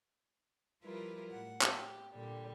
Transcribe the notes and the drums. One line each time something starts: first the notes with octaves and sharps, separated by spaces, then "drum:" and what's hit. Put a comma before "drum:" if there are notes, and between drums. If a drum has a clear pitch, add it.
F3 G3 E4 F4 A#4 B4
A2 F#5
G4, drum: clap
A#2 D3 G3